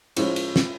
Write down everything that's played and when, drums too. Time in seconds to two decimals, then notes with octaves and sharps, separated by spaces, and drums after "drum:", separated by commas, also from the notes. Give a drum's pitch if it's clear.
0.17 A2 F3 G#3 C#4, drum: cymbal
0.36 drum: cymbal
0.56 drum: snare